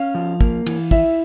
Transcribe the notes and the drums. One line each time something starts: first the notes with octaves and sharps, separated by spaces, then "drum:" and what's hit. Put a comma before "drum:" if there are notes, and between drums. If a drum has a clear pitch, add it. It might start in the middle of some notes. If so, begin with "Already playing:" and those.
Already playing: C#4 F5
F3
A#3, drum: kick
E3, drum: cymbal
E4 E5, drum: kick